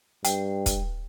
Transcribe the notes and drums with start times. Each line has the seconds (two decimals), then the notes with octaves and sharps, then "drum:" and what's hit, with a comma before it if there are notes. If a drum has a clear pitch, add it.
0.25 G2 G5, drum: hi-hat
0.66 drum: kick, hi-hat